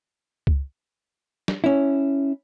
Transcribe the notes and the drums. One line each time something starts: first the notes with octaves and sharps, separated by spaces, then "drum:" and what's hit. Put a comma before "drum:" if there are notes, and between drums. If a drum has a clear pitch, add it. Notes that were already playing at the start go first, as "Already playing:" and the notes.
drum: kick C#2
drum: snare
C#4 E4